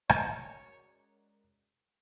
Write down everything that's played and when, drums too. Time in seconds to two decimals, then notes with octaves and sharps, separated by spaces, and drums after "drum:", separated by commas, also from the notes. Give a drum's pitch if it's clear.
0.09 G#3 C#4 F#4 A#4 C#5 D5, drum: rim click
0.20 C5
0.29 C#5